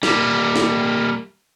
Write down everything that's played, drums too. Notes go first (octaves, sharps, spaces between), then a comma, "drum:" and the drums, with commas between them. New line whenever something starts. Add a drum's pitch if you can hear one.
G3 A#3, drum: snare
drum: snare